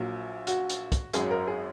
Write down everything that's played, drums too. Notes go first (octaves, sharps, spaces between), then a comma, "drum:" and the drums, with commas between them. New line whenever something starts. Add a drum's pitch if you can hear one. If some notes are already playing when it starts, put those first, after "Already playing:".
Already playing: A#1 A#2 F#3 F#4
F#4, drum: hi-hat
drum: hi-hat
drum: kick, hi-hat
G#1 F#2 F#3 G#4, drum: hi-hat
A#4
G#4